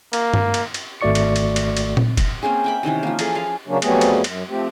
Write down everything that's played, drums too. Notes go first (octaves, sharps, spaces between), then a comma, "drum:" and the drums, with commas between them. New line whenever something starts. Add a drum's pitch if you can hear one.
A#3, drum: cymbal
drum: tom G2
drum: cymbal
drum: cymbal
G#1 A3 F#4 D5 C#6 C#7
drum: cymbal
drum: cymbal
drum: cymbal
drum: cymbal
drum: tom A#2
drum: kick, cymbal
A#3 C4 C#4 G#4
E5 G5 B5
C3 D#3 E3 C#4
F3 A#3
E3 F3 G#4 A4, drum: cymbal
G#4 F5
C#3 F#3 A#3 C#4 D4
F2 F#3 G3 A3 B3 G#4, drum: cymbal
drum: cymbal
F#2, drum: cymbal
F3 A3 C4 G4